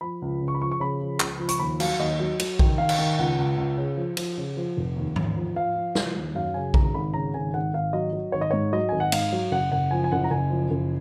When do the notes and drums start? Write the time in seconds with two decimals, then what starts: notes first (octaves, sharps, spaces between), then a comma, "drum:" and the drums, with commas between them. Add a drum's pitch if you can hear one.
0.01 F3 B5
0.22 C#2
0.42 C#3
0.48 C#6
0.55 B5
0.61 F3 C#6
0.71 C#6
0.80 C#3 B5
1.01 F3
1.20 C#2, drum: clap
1.39 F3
1.49 C#6, drum: hi-hat
1.59 D#2 B5
1.80 F#3 F5, drum: cymbal
1.99 D#2 D#5
2.19 F#3 D#5
2.40 F#3, drum: cymbal
2.59 D#3, drum: kick A#1
2.78 D#3 F5
2.89 drum: cymbal
2.99 D#3
3.19 C#2 F#5
3.38 C#2
3.58 C#2
3.78 C#3
3.97 F3
4.17 F3, drum: cymbal
4.38 C#3
4.57 F3
4.77 F1
4.96 D#2
5.16 D#2, drum: tom G#2
5.37 F3
5.55 F3 F5
5.75 F3
5.95 F3, drum: snare
6.16 D#2
6.35 F#2 F5
6.54 C#3 G#5
6.74 G#1 A#5, drum: kick A#1
6.85 A#5
6.94 G#1 B5
7.14 C#3 A#5
7.34 G#1 G#5
7.53 G#1 F#5
7.73 G#1 F5
7.93 F#3 D#5
8.13 F#3
8.32 G#1 C#5
8.41 D#5
8.51 G#2 C#5
8.73 F#3 D#5
8.89 G#1 G#5
9.00 F#5
9.12 G#2 F5, drum: cymbal
9.33 F#3
9.51 F#1 F#5
9.72 F#1 F#5
9.91 F3 G#5
10.04 G#5
10.12 F#1 F#5
10.24 A#5
10.31 F#1 G#5
10.50 F3
10.70 F#1